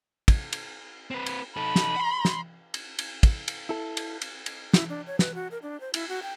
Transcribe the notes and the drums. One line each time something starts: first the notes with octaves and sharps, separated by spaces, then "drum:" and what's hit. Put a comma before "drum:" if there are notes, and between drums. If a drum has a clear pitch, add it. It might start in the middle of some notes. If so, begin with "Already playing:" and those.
drum: kick, cymbal
drum: cymbal
C4 B4
drum: cymbal
D#4 A4 B5
drum: snare
F#5 C6
drum: snare
drum: cymbal
drum: cymbal
drum: kick, cymbal
drum: cymbal
E4 A4
drum: cymbal
drum: cymbal
drum: cymbal
E4, drum: snare
D4
C#5
B4, drum: snare
F#4
A#4
D4
C5
E4, drum: cymbal
F#4
G5